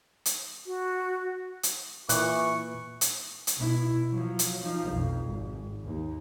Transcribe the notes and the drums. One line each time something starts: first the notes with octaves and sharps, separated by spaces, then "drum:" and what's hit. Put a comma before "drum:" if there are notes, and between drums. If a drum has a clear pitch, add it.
drum: hi-hat
F#4
drum: hi-hat
A#2 E3 C#6 D6 F#6, drum: hi-hat
drum: hi-hat
drum: hi-hat
B2 E4
F3 F#3
drum: hi-hat
F3 D#4
B1 F2
G#1
D#2